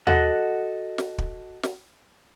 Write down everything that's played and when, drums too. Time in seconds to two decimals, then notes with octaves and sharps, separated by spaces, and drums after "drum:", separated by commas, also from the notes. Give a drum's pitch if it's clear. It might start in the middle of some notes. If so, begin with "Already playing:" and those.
0.07 F#4 A4 D#5 F#5, drum: tom D#2
0.98 drum: snare
1.18 drum: kick
1.63 drum: snare